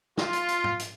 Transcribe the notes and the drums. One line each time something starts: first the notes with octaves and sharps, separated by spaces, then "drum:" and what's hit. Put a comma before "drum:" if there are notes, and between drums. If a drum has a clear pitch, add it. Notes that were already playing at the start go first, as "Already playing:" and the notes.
F4, drum: snare
drum: hi-hat
drum: hi-hat
drum: tom G#2
drum: hi-hat